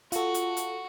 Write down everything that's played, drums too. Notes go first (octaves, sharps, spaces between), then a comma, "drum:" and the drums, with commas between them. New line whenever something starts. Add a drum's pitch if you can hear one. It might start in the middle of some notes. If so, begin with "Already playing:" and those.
F4 F#4 A4, drum: hi-hat
drum: hi-hat
drum: hi-hat